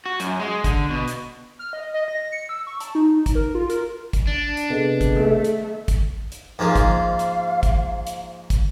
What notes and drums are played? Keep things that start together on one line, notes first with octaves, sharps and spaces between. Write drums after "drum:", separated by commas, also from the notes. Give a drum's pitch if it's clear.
F#4
F#2, drum: hi-hat
G#3
D3, drum: kick, hi-hat
B2
drum: hi-hat
F6
D#5
D#5
A#6
C#7
E6
C#6
A5, drum: hi-hat
D#4
drum: kick, hi-hat
A#4
F4
A#4, drum: hi-hat
drum: kick, hi-hat
D4 D5
drum: hi-hat
C3 B3 G#4 A4 D#5
drum: kick, hi-hat
A3
drum: hi-hat
drum: kick, hi-hat
drum: hi-hat
G#2 F3 A#3 F5
drum: kick, hi-hat
drum: hi-hat
drum: kick, hi-hat
drum: hi-hat
drum: kick, hi-hat